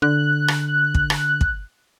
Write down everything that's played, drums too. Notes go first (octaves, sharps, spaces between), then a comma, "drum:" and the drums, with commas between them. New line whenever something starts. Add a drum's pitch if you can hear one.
D3 F#6
drum: rim click
drum: kick
drum: rim click
drum: kick